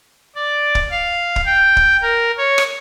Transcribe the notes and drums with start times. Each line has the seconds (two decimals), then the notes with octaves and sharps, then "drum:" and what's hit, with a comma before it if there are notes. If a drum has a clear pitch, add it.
0.36 D5
0.75 drum: kick
0.90 F5
1.36 drum: kick
1.46 G5
1.77 drum: kick
2.02 A#4
2.38 C#5
2.58 drum: rim click